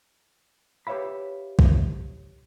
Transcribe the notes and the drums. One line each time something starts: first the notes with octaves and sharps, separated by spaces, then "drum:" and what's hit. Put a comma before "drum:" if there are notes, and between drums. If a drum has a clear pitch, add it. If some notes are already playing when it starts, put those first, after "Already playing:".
G4 B4 C#5 E5 F5 B5
drum: kick